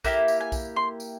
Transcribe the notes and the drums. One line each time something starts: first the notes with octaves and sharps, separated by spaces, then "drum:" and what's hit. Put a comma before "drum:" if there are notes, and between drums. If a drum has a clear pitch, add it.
A#3 E4 G4, drum: kick B1, tambourine
drum: tambourine
G#5
drum: kick B1, tambourine
C6
drum: tambourine